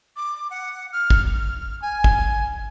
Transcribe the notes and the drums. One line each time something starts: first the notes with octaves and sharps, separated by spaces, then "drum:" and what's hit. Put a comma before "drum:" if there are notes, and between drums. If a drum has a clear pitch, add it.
D6
F#5
F6
drum: kick
F6
G#5
drum: kick